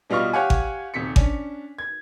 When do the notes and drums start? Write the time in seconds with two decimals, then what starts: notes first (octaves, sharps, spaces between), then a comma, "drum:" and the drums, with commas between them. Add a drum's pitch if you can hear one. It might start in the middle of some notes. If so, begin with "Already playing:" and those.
0.10 B2 G3 F4 D#5 F5 C#6
0.33 G4 C#5 F5 F#5 G#5
0.50 drum: kick G#1
0.94 D#1 C3 B6 C#7
1.16 C#4 D4, drum: kick G#1
1.79 G#6